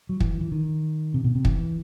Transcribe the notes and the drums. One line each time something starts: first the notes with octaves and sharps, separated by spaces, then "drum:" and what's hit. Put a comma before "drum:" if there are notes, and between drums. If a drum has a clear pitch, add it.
F#3
E3, drum: kick
E3
D#3
C3
B2
C3
E3, drum: kick